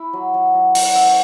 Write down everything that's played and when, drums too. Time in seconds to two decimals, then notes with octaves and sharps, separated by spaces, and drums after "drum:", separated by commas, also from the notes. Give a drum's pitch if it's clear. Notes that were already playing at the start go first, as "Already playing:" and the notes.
Already playing: E4
0.13 F#3
0.34 F#3
0.54 F#3
0.75 F#3, drum: open hi-hat
0.85 F#5
0.95 C#4 E5
1.06 C#5